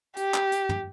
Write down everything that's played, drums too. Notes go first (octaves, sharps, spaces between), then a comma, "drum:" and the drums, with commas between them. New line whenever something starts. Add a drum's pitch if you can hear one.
G4, drum: hi-hat
drum: clap
drum: hi-hat
drum: tom